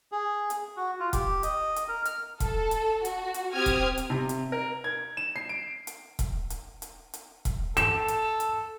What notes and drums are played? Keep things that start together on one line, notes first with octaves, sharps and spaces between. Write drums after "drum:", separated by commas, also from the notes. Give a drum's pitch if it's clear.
G#4
drum: hi-hat
F#4
F4
G4, drum: kick E1, hi-hat
D#5, drum: hi-hat
drum: hi-hat
A#4
F6, drum: hi-hat
A4, drum: kick E1, hi-hat
drum: hi-hat
F#4, drum: hi-hat
drum: hi-hat
C4 G4 D#6 F6 G#6
drum: kick E1, hi-hat
drum: hi-hat
C3
drum: hi-hat
A#4
G#6
E7
C7
D7
drum: hi-hat
drum: kick E1, hi-hat
drum: hi-hat
drum: hi-hat
drum: hi-hat
drum: kick E1, hi-hat
A4 E7, drum: hi-hat
drum: hi-hat
drum: hi-hat